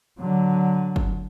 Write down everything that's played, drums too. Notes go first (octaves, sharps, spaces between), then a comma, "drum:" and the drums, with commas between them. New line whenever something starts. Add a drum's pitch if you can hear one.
D3 F#3
drum: kick